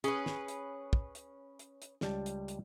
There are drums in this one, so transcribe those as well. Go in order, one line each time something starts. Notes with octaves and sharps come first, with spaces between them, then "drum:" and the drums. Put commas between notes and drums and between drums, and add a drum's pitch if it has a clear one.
C#4 G#4 B4, drum: hi-hat
drum: snare
drum: hi-hat
drum: kick
drum: hi-hat
drum: hi-hat
drum: hi-hat
C#2 G3 A5, drum: snare
drum: hi-hat
drum: hi-hat